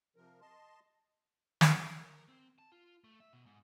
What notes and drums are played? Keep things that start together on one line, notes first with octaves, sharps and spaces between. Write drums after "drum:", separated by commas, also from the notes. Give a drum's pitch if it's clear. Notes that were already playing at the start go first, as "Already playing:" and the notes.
C3 F3 A#4
D#5 A5 C6
drum: snare
A#4
C4
A5
F4
A3
E5
B2
G#2